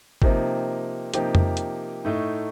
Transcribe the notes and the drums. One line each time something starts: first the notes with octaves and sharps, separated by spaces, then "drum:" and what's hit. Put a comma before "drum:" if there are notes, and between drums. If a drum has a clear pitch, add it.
C3 F3 A#3 D#4 G4, drum: kick
C3 F3 A#3 D#4 G4, drum: hi-hat
drum: tom F2
drum: hi-hat
A2 A3 D#4